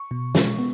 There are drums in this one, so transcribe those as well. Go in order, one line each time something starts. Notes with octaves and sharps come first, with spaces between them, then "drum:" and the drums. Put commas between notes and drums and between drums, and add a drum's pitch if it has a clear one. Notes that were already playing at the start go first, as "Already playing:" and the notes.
Already playing: C#6
B2
G#3, drum: snare
B3